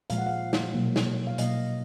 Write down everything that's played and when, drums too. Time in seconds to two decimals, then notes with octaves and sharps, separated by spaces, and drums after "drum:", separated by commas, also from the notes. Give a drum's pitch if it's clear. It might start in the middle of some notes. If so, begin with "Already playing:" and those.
0.10 A#2 F3 G#3 F5, drum: hi-hat
0.18 F#5
0.26 F5
0.53 drum: snare
0.74 B2 F#3 A#3
0.96 drum: snare
1.27 F5
1.38 B2 F#3 A#3 D#5, drum: hi-hat